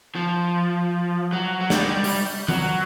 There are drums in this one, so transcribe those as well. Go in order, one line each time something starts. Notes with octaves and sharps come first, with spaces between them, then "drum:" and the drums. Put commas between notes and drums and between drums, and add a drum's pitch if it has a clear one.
F3
F#3
F#3
G3, drum: snare
G#3
G3
G3, drum: open hi-hat
F#3, drum: tom D#3